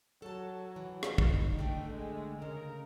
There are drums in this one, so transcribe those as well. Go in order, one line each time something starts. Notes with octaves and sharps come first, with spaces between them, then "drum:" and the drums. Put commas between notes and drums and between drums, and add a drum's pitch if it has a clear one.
F#3 A4 A5
E3
drum: rim click
D#4, drum: kick
D3 A3 G5
G#3
C#3 A#4